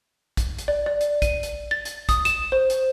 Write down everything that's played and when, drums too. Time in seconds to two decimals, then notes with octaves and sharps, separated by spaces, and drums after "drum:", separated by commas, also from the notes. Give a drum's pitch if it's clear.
0.37 drum: kick, hi-hat
0.59 drum: hi-hat
0.68 D5
0.86 D5
1.01 drum: hi-hat
1.22 D#7, drum: kick, hi-hat
1.43 drum: hi-hat
1.71 A6
1.85 drum: hi-hat
2.09 D#6, drum: kick, hi-hat
2.25 E7, drum: hi-hat
2.52 C5
2.70 drum: hi-hat